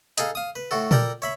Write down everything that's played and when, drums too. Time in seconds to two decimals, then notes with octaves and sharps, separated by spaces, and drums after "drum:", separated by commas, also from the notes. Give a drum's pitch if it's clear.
0.18 D#4 G#4 A4 F5, drum: hi-hat
0.35 F5 D#6
0.56 B4
0.71 A2 F#4 A4
0.91 A4 A#4 D5 G5 A#5, drum: tom A#2
1.22 C#5 E5 B5